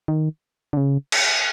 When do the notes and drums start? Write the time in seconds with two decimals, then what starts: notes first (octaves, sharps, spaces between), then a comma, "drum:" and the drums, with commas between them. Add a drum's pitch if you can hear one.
0.08 D#3
0.73 D3
0.77 C#3
1.12 drum: cymbal